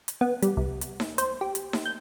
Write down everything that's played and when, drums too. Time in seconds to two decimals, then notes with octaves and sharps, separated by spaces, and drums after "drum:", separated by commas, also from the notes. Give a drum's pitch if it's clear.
0.08 drum: hi-hat
0.21 B3
0.42 G3, drum: hi-hat
0.57 C2
0.81 drum: hi-hat
1.00 drum: snare D#4
1.18 C5, drum: hi-hat
1.41 G4
1.55 drum: hi-hat
1.73 drum: snare D#4
1.85 G6